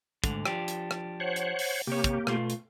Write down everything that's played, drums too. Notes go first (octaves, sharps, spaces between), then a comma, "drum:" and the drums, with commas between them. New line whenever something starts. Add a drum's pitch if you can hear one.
D2 G#2 D3, drum: kick, hi-hat
F3 D4 G4, drum: rim click
drum: hi-hat
drum: rim click
C5 C#5 F#5
drum: hi-hat
drum: open hi-hat
C3 A#3 G4 C#5
drum: kick, hi-hat
B2 A3 F4, drum: rim click
drum: hi-hat